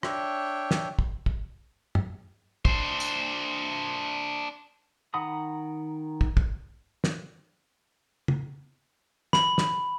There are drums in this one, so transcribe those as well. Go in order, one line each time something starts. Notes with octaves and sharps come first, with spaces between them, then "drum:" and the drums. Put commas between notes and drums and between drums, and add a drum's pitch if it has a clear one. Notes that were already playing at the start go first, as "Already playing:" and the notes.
D4 C#5 E5 G5, drum: rim click
drum: snare
drum: kick
drum: kick
drum: tom
D4 C5, drum: kick
drum: tambourine
D#3 F#5 A#5 B5 D#6
drum: kick
drum: kick
drum: snare
drum: tom
B5, drum: snare
drum: snare